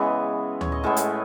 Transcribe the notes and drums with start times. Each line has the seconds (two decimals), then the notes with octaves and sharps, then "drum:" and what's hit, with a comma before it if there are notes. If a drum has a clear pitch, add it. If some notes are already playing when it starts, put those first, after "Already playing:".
Already playing: C#3 E3 G#3 B3 C#5
0.61 C#5, drum: tom D2
0.72 D#5
0.84 A2 G#3 B3 E5
0.97 drum: hi-hat